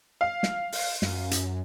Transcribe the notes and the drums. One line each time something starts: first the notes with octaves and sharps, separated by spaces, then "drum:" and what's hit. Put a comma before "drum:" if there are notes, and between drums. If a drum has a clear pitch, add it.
F5
drum: snare
drum: open hi-hat
F#2, drum: snare
drum: hi-hat